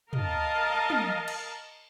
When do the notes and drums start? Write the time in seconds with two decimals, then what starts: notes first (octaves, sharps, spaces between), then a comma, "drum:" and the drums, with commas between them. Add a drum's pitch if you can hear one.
0.13 A#4 D#5 F5 A5, drum: tom
0.90 drum: tom
1.28 drum: cymbal